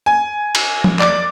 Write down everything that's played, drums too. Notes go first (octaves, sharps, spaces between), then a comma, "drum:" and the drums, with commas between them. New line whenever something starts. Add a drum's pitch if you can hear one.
G#5
drum: cymbal
drum: tom F3
D5 D6, drum: clap